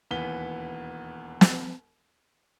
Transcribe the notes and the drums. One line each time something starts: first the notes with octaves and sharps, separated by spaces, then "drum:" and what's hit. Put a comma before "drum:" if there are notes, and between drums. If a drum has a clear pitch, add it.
E1 D#2 E3 B3 B6 G7
drum: snare